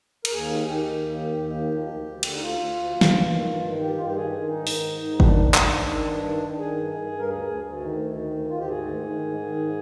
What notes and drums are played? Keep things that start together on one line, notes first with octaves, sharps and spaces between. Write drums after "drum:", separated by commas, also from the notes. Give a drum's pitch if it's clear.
A#4, drum: cymbal
D#2 G#4
D#3
D#3 G4
D#3
D#2
D#3
D#2
D#3
F3
D2
D2
D3, drum: cymbal
D#4
D2 F4
D2
D2
F3
drum: snare
G2
D#3
G2
D#3
G2 G4
G2 F4
G4
D#3 G#4
D#3
G#2 D#4
D#3, drum: open hi-hat
G#2
G#2
D#3 D4, drum: kick
G#2
D#3, drum: clap
G#2
D#3
G2
D#3
D#3
D#3 G#4
G2
G2
G2
A#4
D2 G#4
D2
D2
D#3
D2
D#3
D2
D2 F4
G4
G#2 G#4
D#3
D#3
G#2
D#3
G#2